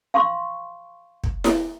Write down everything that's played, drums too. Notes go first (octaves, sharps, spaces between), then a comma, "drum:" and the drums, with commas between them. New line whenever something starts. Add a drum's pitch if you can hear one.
F5 C6 C#6
drum: kick
drum: snare E4